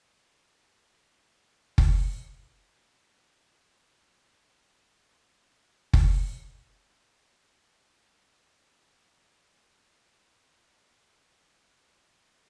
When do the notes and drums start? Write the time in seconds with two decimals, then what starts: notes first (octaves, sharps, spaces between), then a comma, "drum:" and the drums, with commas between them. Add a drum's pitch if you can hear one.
0.07 B2 E3 G3 F4
1.78 drum: kick F#1
4.12 G#2 A#3
5.93 drum: kick F#1
7.34 D#5 G6
8.08 D5 G5 D#7 F7 F#7
9.83 F#5
10.17 D4
10.76 F3
11.33 G#4 D5 E5
12.09 C4 C#4 F#4 C#5